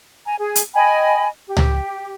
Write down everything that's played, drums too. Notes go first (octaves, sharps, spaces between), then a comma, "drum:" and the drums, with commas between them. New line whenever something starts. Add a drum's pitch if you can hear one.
G#5 A#5
G#4
drum: hi-hat
D#5 G5 G#5 B5
G4
drum: tom C#2